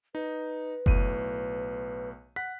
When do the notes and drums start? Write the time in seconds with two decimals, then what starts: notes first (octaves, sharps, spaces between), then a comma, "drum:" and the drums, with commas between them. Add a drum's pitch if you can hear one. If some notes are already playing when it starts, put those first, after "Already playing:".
0.15 D#4 B4
0.86 B1 A2 D#7, drum: kick F#1
2.36 F#5 F#6 B6